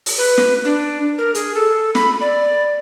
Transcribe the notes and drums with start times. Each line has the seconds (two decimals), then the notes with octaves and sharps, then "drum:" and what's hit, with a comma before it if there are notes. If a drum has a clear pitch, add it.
0.06 drum: open hi-hat
0.18 B4
0.38 drum: snare
0.65 D4
1.18 A#4
1.35 G#4, drum: hi-hat
1.55 A4
1.95 B5, drum: snare
2.21 D5